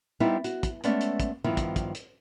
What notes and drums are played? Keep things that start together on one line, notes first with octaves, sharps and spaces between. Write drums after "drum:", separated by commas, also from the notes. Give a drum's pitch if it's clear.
G3 B3 C4 D#4 E4
F#4, drum: hi-hat
drum: kick, hi-hat
G#3 A3 B3 C#4 D5 E5, drum: hi-hat
drum: hi-hat
drum: kick, hi-hat
G2 D#3 F3 B3 E4
drum: kick, hi-hat
drum: kick, hi-hat
drum: hi-hat